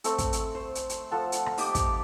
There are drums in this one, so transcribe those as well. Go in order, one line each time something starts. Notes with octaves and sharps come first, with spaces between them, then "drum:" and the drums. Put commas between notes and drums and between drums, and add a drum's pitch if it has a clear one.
A3 C4 A4, drum: hi-hat
drum: kick, hi-hat
drum: hi-hat
C5
drum: hi-hat
drum: hi-hat
F3 A4 F#5 A5
drum: hi-hat
drum: rim click
D#4 G4 D6, drum: open hi-hat
drum: kick, hi-hat